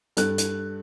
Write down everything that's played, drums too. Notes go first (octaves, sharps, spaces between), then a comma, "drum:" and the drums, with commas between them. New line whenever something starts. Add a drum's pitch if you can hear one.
G2 A4 F#6, drum: hi-hat
drum: hi-hat